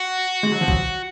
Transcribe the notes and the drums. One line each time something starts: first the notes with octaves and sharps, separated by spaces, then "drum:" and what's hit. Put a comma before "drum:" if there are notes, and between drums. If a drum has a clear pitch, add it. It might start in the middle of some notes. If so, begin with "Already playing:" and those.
Already playing: F#4
G#3
F#3
F3
F#3, drum: kick